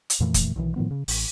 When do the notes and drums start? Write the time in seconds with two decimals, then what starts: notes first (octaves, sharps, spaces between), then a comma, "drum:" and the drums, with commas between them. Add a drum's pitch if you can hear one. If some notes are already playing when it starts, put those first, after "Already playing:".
0.10 drum: hi-hat
0.20 F2 A#2 E3 A3
0.34 drum: kick, hi-hat
0.56 B1 B2 D#3 E3
0.76 A2 D#3 F3 B3
0.91 C#3
1.08 A1, drum: open hi-hat